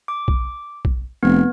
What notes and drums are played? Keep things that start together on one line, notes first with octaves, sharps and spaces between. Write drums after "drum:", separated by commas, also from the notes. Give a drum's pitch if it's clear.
D6
drum: kick B1
drum: kick B1
F1 B3